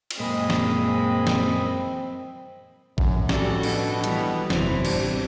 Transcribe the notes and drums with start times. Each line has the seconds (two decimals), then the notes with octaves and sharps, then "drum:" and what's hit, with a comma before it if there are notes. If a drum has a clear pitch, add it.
0.11 drum: cymbal
0.20 F#2 A#2 G#3 A#3 C4 D#5 B5
0.50 drum: snare
1.27 drum: snare
2.98 F#2 A2 F3, drum: kick
3.29 G3 C#4 F#4 A4, drum: snare
3.63 B2 D4, drum: cymbal
4.04 E3 G3 B3, drum: hi-hat
4.50 F#1 E2 C3 E3 F#3 C5, drum: snare
4.85 A1 E3 G3 C4 D4, drum: cymbal